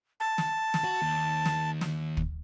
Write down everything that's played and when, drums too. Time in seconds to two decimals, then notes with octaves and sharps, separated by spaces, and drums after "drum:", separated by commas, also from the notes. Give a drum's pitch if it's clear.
0.20 A5
0.38 drum: snare
0.74 drum: snare
0.84 F#4
1.02 D#2
1.45 drum: snare
1.81 drum: snare
2.17 drum: kick